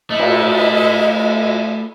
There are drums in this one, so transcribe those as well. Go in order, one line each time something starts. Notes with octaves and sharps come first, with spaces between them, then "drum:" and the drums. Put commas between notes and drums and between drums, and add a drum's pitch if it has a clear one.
A3 E4 D#5
drum: cymbal